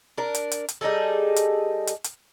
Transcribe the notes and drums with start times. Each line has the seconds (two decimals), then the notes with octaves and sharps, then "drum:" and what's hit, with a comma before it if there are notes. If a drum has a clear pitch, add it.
0.18 D4 A#4
0.35 drum: hi-hat
0.51 drum: hi-hat
0.68 drum: hi-hat
0.81 G3 D#4 G#4 A4
1.36 drum: hi-hat
1.87 drum: hi-hat
2.04 drum: hi-hat